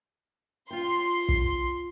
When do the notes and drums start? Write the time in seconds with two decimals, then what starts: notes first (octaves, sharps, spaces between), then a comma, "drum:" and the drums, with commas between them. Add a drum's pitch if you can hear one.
0.71 F4 G5 C6
1.29 drum: kick